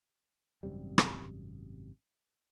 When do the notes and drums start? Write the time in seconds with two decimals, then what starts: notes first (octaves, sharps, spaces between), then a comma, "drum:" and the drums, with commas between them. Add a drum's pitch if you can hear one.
0.63 G#1 F#2 C3 G3
0.98 drum: rim click